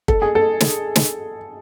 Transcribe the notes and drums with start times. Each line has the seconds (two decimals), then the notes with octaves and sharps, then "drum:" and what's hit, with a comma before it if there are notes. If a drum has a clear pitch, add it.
0.08 A4, drum: kick
0.22 G#4
0.35 A4
0.60 drum: snare
0.96 drum: snare